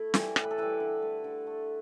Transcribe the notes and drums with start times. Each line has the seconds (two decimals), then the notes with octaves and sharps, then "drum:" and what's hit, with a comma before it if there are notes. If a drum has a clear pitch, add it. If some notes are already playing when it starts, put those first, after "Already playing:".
Already playing: A3 E4
0.14 E3 G3, drum: snare
0.36 A2, drum: rim click
0.44 B4
0.51 A4
0.58 E3 G3 B4
0.80 D3
1.02 A3
1.24 D3
1.47 A3